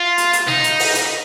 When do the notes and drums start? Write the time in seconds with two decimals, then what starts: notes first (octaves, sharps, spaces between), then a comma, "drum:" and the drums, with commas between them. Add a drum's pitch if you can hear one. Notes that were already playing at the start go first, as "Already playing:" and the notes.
Already playing: F4
0.18 drum: hi-hat
0.33 drum: hi-hat
0.48 D#4, drum: snare
0.64 drum: hi-hat
0.79 drum: open hi-hat
0.95 drum: hi-hat